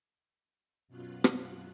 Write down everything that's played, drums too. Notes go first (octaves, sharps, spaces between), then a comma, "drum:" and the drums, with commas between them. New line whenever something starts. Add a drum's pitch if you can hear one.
F#2 B2 F#3 F4 F#6
drum: rim click